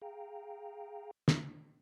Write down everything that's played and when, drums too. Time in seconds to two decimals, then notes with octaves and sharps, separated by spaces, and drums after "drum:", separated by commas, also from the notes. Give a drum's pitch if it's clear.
0.02 G#4 F5 G5 A#5
1.28 drum: snare